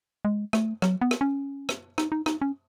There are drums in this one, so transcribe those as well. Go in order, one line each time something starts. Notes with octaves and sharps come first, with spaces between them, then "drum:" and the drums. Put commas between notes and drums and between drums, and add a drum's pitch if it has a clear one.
G#3
A3, drum: rim click
F#3, drum: rim click
B3
drum: rim click
C#4
drum: rim click
D#4, drum: rim click
D#4
D#4, drum: rim click
C#4